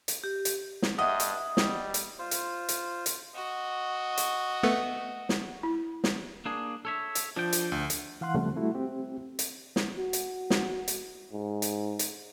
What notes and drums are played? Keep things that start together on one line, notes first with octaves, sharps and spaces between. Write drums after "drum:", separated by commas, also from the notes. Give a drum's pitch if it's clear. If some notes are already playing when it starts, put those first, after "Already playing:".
drum: hi-hat
G4
drum: hi-hat
drum: snare
G2 D#5 E5 F#5
drum: hi-hat
G3, drum: snare
drum: hi-hat
F4 C5
drum: hi-hat
drum: hi-hat
drum: hi-hat
F#4 D#5
drum: hi-hat
A3 B3
drum: snare
E4
drum: snare
A#3 D4 G#4
A4 C#5 E5
drum: hi-hat
F3 D4 G5
drum: hi-hat
D2
drum: hi-hat
E3 F5 F#5 C6 F#6
C#3 F3 G3 A3 C4
G3 A3 E4 F#4
C4 G4
drum: hi-hat
drum: snare
F#4
drum: hi-hat
drum: snare
drum: hi-hat
G#2
drum: hi-hat
drum: hi-hat